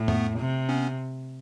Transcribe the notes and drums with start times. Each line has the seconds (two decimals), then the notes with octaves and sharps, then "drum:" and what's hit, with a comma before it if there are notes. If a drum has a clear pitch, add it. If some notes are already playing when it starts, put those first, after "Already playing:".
Already playing: A2
0.08 A3 B3, drum: tom F2
0.39 C3
0.69 B3 C#4